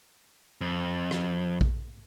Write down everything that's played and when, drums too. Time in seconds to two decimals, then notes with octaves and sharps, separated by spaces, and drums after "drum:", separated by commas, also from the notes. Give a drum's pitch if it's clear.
0.61 F2
1.11 drum: rim click
1.61 drum: kick A#1